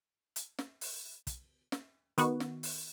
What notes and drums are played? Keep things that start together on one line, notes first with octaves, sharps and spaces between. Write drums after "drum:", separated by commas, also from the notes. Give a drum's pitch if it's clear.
drum: hi-hat
drum: snare
drum: open hi-hat
drum: kick, hi-hat
drum: snare
D#3 B3 F#4, drum: hi-hat
drum: snare
drum: open hi-hat